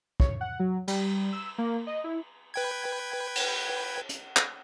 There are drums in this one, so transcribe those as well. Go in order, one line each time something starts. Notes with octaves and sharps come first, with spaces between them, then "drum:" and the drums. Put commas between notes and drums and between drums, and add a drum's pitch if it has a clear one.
C#5, drum: kick
F#5
F#3
G3, drum: cymbal
E6
A#3
D#5
E4
B4 G5 G#6
drum: cymbal
drum: hi-hat
drum: clap